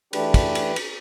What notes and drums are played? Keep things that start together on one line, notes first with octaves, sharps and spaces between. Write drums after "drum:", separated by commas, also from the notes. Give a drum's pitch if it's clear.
E3 A3 D4 G4 B4, drum: cymbal
drum: kick, cymbal
drum: cymbal
drum: cymbal